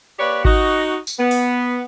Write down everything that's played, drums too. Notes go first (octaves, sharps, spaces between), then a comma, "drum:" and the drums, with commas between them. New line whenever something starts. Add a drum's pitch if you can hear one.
A#3 G4 B4 C#5 D5
D#4 F#4, drum: kick G#1
drum: tambourine
B3
drum: open hi-hat